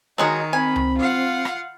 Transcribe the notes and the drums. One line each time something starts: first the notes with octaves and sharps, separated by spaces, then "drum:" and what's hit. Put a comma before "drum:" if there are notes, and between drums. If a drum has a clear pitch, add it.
D#3 F#3 G#3 D#4 F#4
C4 G#5 B5
drum: tom C#2
F4 F5 F#5
drum: rim click